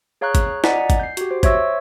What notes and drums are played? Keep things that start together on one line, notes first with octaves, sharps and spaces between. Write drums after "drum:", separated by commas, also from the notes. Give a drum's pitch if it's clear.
G#4 C#5 F5 A#5 C#6 F#6
drum: kick, hi-hat
D5 D#5 F#5 G#5 A#5 B6, drum: snare
drum: kick, hi-hat
G6 C7
F#4 G4, drum: hi-hat
C5
C5 C#5 E5 C#6 E6 A#6, drum: kick, hi-hat